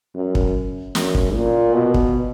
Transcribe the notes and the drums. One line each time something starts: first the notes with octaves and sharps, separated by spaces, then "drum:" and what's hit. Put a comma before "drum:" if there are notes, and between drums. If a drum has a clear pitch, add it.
F#2
drum: kick
F#2, drum: snare
drum: kick
A#2
B2
drum: kick